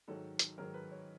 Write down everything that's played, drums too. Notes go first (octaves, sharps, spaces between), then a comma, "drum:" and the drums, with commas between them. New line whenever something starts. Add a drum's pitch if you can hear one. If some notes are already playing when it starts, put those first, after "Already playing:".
G#2 D#3 F#3 A4
drum: hi-hat
G#2 D#3 F#3 A#4
B4
C#5